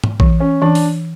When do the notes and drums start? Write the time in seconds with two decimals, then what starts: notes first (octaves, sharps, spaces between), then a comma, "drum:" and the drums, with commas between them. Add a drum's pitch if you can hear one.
0.04 drum: tom G#2
0.20 E3, drum: kick A#1
0.40 C#4
0.62 E3 D4
0.75 drum: open hi-hat